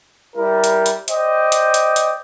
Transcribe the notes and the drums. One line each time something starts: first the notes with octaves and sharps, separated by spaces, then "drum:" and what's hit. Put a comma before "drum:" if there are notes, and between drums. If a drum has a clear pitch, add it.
G3 E4 A#4
drum: hi-hat
drum: hi-hat
C5 D5 D#5 G5, drum: hi-hat
drum: hi-hat
drum: hi-hat
drum: hi-hat